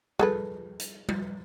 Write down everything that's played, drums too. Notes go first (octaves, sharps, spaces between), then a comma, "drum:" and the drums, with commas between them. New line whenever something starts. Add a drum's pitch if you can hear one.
G#4 A4 B4, drum: tom G3
drum: hi-hat
drum: tom G3